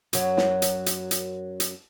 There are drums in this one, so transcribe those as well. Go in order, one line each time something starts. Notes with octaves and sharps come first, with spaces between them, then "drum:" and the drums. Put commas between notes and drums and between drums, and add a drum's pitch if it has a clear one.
F#2 F#3, drum: hi-hat
drum: snare
drum: hi-hat
drum: hi-hat
drum: hi-hat
drum: hi-hat